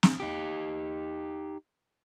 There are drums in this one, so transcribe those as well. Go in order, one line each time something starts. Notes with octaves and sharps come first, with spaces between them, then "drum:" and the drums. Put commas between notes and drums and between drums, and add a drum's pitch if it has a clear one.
drum: snare
D#4 G4